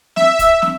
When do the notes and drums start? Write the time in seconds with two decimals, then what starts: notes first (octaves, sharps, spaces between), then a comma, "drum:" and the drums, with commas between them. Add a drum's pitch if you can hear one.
0.16 E5, drum: snare
0.39 drum: kick, hi-hat
0.62 drum: snare